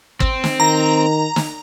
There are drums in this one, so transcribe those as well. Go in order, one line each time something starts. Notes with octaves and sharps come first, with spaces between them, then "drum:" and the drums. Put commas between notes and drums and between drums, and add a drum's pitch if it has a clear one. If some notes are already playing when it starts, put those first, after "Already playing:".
C4, drum: kick
drum: snare
D#3 A#5
drum: snare